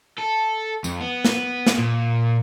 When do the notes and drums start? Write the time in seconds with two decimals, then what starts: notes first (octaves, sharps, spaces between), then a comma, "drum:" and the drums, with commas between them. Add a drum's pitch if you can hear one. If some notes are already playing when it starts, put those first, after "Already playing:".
0.18 A4
0.84 F2, drum: tambourine
1.01 B3
1.25 drum: snare
1.67 drum: snare
1.78 A#2